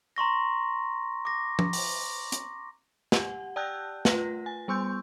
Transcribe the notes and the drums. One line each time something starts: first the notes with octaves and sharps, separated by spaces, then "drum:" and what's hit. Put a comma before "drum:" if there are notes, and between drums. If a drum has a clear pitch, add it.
A#5 C6 C#6 A#6
D6 A#6
drum: tom F3
drum: open hi-hat
drum: hi-hat
G4 F#5, drum: snare
D5 G5 A5 E6 F#6 G6
A3 F4 B4 A#6, drum: snare
G#5
G3 B3 C6 C#6 E6 G6